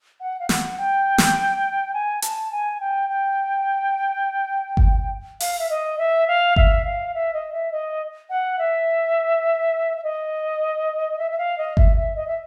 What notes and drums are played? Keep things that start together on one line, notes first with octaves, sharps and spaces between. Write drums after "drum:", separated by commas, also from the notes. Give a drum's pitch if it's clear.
F#5
F5
F#5, drum: snare
G5
drum: snare
G#5
A5, drum: hi-hat
G#5
G5
G5
drum: kick G1
F5, drum: open hi-hat
E5
D#5
E5
F5
E5, drum: kick G1
F5
E5
D#5
E5
D#5
F#5
E5
E5
D#5
E5
E5
F5
D#5
E5, drum: kick G1
E5
D#5
E5